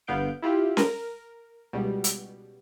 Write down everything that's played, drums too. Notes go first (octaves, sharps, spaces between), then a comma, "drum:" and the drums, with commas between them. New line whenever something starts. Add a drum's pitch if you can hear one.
G1 D3 B3 F5 G6 D7
E4 F4 G4
A#4, drum: snare C#4
C#2 B2 G3
drum: hi-hat